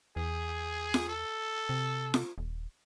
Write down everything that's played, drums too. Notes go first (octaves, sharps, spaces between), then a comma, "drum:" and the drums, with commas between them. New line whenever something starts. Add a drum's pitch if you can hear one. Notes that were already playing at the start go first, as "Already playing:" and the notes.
E2 G#4
drum: snare F4
A4
C3
drum: snare F4
D#1